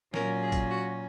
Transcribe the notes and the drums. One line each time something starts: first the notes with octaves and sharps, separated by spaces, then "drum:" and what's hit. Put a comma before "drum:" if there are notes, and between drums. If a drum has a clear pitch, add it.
A#2 F#3 C#4 A#4, drum: snare
G#4
drum: kick, hi-hat
F#4